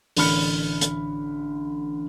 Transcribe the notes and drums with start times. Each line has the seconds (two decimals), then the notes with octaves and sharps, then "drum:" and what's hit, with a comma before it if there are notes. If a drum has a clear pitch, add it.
0.17 A1 D3 B5 F6 C#7, drum: open hi-hat
0.81 drum: hi-hat